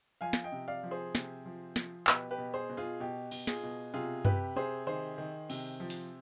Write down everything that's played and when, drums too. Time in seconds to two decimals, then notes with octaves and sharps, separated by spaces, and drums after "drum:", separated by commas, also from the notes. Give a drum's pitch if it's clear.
0.21 F3 F5 G#5
0.33 drum: snare
0.44 D#5 G5
0.52 C3
0.68 D5 F5
0.83 F3
0.91 G#4 C5
1.15 C3, drum: snare
1.46 F3
1.76 F3, drum: snare
2.07 B2 G4 B4, drum: clap
2.31 G4 B4
2.38 B2
2.54 G#4 C5
2.69 B2
2.77 F4 G#4
3.00 B2 G4
3.31 B2, drum: cymbal
3.47 F4 G#4, drum: snare
3.63 B2
3.94 C3 F4 G#4
4.25 C3 G4 B4, drum: tom F#2
4.56 C3 G#4 C5
4.87 D#3 G#4 C5
5.18 D#3
5.50 C3, drum: cymbal
5.80 F3
5.90 drum: open hi-hat